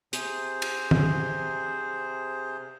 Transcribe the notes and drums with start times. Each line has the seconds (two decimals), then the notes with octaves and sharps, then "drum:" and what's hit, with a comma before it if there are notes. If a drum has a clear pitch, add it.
0.13 C3 G#4 C5, drum: hi-hat
0.62 drum: cymbal
0.91 drum: tom